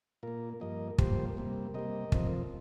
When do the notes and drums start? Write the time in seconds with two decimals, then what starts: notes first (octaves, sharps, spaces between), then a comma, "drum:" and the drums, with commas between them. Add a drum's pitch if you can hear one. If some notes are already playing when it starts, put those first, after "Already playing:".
0.23 A#2 A#3 F4 A#4
0.60 G2 F3 A#3 A#4 D#5
0.98 G2 F3 A#3 G4 C5, drum: kick
1.37 C3 G3 A#3
1.74 C3 G3 A#3 A#4 D#5
2.12 F2 C3 F3 C4, drum: kick